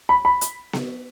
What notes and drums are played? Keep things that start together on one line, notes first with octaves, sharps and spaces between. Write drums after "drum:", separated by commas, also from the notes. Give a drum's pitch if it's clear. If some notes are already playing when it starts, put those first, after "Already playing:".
B5
B5
drum: hi-hat
drum: snare B3